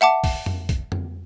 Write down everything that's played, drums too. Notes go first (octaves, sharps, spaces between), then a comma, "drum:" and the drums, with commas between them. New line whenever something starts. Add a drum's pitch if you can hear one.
E5 F#5 A5 D6
drum: kick, open hi-hat
drum: tom F2
drum: kick, hi-hat
drum: tom F2